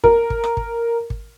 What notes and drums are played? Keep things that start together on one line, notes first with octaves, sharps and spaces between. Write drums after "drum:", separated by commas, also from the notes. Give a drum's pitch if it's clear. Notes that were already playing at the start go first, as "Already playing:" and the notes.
A#4, drum: kick
drum: kick
drum: rim click
drum: kick
drum: kick